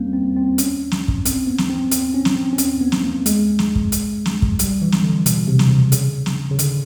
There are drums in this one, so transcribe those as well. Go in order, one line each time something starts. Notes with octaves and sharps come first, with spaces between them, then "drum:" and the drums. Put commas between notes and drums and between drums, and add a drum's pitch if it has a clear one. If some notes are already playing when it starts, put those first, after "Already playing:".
Already playing: G3 A#3 C4 C#4
C4
C4
C#4, drum: hi-hat
drum: snare
drum: kick
C4, drum: hi-hat
B3
drum: snare
C4
C4, drum: hi-hat
C#4
drum: snare
C4
C#4
C4, drum: hi-hat
B3
drum: snare
A#3
G#3, drum: hi-hat
drum: snare
drum: kick
drum: hi-hat
drum: snare
drum: kick
G3, drum: hi-hat
E3
drum: snare
D3
B2, drum: hi-hat
C3
drum: snare
C#3
C#3, drum: hi-hat
drum: snare
C#3
D3, drum: hi-hat